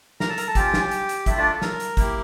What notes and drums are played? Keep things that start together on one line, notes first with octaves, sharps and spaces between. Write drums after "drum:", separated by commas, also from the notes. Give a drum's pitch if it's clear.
A#4 A#5, drum: snare
A4 A5
A#4 A#5, drum: hi-hat
A4 A5
C#4 F4 G4 G5, drum: kick, hi-hat
drum: snare
drum: hi-hat
drum: hi-hat
A3 D4 E4 F4 E5, drum: kick, hi-hat
D4 D5
A4
A#4, drum: snare
drum: hi-hat
A#3 E4 G4, drum: kick, hi-hat